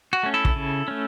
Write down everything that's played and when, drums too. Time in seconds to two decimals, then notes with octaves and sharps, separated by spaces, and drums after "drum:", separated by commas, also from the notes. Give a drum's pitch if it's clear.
0.13 F#4
0.23 A3 C#4
0.34 E4 A4
0.45 drum: kick
0.56 C#3
0.88 A3 C#4